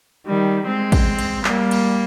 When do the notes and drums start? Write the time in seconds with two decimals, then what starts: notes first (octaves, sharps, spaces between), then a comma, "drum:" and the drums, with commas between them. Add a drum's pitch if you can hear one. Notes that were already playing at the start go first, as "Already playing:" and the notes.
0.26 D#3 G3
0.66 G#3 C4
0.92 drum: kick, cymbal
1.19 drum: cymbal
1.45 G3 A#3, drum: clap
1.71 drum: cymbal